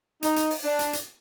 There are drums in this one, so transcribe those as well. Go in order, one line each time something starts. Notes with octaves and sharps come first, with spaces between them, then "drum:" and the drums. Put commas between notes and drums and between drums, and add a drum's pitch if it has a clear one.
D#4, drum: hi-hat
drum: hi-hat
drum: open hi-hat
D4
drum: hi-hat
drum: hi-hat